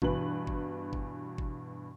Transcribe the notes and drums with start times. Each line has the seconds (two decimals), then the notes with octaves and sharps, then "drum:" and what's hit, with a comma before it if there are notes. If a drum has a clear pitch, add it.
0.02 G2 B2 E3 B4 F#7, drum: kick G1
0.47 drum: kick G1
0.93 drum: kick G1
1.38 drum: kick G1